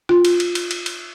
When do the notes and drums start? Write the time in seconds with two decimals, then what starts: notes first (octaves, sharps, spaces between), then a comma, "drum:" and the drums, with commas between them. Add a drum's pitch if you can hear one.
0.09 F4, drum: rim click
0.25 drum: cymbal
0.40 drum: cymbal
0.55 drum: cymbal
0.71 drum: cymbal
0.86 drum: cymbal